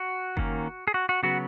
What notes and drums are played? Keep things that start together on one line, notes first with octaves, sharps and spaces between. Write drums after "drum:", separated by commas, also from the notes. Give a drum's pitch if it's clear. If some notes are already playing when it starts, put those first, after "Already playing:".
Already playing: F#4
D#3 A#3 C#4, drum: kick F#1
G#4
F#4
F#4
C#3 F#3 B3 F#4